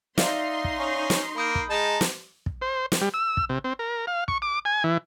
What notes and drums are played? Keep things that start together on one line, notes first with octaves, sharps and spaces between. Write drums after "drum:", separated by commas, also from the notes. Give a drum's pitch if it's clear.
D#4 D5 E5 F5 C6, drum: snare
drum: kick
C#4
drum: snare
A#3 B5 D#6 G6
drum: kick
G#3 D#4 A5
drum: snare
drum: kick
C5
drum: snare
G3
E6
drum: kick
C3
C4
A#4
F5
C#6, drum: kick
D6
G#5
E3